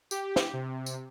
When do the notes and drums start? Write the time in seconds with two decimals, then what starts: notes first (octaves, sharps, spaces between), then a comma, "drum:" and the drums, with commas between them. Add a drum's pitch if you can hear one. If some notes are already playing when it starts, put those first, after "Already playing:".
0.11 G4, drum: tambourine
0.36 drum: snare
0.53 C3
0.86 drum: tambourine